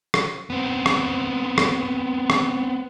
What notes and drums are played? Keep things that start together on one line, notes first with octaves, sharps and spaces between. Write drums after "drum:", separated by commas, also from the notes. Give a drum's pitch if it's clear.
drum: rim click
B3 C4
drum: rim click
drum: rim click
drum: rim click